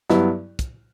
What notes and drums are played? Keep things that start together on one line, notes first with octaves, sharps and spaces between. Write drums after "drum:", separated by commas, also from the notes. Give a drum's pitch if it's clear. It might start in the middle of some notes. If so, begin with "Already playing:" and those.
G2 F#3 B3 E4, drum: snare
drum: kick, hi-hat